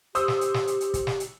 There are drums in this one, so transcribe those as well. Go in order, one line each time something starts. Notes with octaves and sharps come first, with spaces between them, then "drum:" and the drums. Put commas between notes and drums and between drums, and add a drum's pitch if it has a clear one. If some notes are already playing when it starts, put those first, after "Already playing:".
G4 C5 D#6 E6, drum: hi-hat
drum: snare
drum: hi-hat
drum: snare
drum: hi-hat
drum: hi-hat
drum: kick, hi-hat
drum: snare
drum: hi-hat